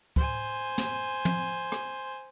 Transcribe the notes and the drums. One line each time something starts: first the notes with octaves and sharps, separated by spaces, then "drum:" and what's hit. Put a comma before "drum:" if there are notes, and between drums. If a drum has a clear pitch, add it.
C5 G#5, drum: kick
drum: snare
drum: tom
drum: rim click